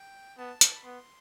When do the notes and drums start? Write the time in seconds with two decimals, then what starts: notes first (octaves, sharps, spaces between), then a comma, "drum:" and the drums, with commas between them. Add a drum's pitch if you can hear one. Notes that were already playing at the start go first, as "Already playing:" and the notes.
Already playing: G5
0.38 B3 A5
0.61 drum: hi-hat
0.76 B5
0.83 B3 C6